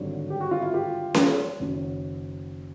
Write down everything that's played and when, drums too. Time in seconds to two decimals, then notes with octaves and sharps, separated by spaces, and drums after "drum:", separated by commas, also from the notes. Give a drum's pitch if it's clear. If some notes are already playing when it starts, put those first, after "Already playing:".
Already playing: G#1 G2 D3 F#3
0.30 G4
0.41 F#4
0.51 F4
0.61 E4 F#4
0.74 F4 G4
1.14 drum: snare C#4
1.60 F#1 F#2 D#3 F#3